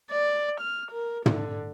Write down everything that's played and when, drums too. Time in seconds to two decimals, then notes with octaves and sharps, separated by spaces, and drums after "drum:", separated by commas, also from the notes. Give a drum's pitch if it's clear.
0.10 D5
0.60 F6
0.91 A#4
1.26 D3, drum: tom